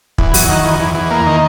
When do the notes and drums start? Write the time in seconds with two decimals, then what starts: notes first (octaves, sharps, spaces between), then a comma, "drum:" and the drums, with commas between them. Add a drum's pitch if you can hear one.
0.18 E2, drum: kick
0.34 F#3, drum: open hi-hat
0.49 D#3
0.65 E2
0.80 E2
0.95 E2
1.11 A#3
1.26 D#3